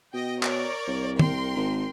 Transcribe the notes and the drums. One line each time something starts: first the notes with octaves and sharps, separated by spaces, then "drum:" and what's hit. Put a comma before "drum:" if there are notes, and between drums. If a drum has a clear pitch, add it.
B2 D#5 G5
A#4 C#5 D5, drum: clap
C2
A#4 G5 C6, drum: tom
G#1